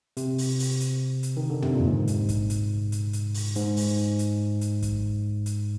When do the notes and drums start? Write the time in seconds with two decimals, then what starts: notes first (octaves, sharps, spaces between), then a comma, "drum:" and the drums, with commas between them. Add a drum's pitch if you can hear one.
0.17 C3, drum: hi-hat
0.38 drum: open hi-hat
0.59 drum: open hi-hat
0.81 drum: hi-hat
1.23 drum: hi-hat
1.37 D#3
1.50 D3
1.62 C3, drum: tom
1.75 A#2
1.87 G#2
2.07 drum: hi-hat
2.29 drum: kick, hi-hat
2.50 drum: hi-hat
2.92 drum: hi-hat
3.13 drum: hi-hat
3.34 drum: open hi-hat
3.55 G#2, drum: hi-hat
3.77 drum: open hi-hat
4.19 drum: hi-hat
4.61 drum: hi-hat
4.82 drum: kick, hi-hat
5.46 drum: hi-hat